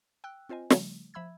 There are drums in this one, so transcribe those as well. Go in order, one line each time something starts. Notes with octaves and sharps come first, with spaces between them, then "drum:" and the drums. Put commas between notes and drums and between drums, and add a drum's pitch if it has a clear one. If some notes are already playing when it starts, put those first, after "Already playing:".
G5 E6 F#6
C4 F4 C5 D#5 G#5
C#3 F3 G3 A3, drum: snare
F3 E5 B5 E6 G#6